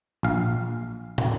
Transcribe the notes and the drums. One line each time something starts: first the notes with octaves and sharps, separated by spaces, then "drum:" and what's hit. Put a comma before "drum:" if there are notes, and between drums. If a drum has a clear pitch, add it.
A#1 F5
drum: tom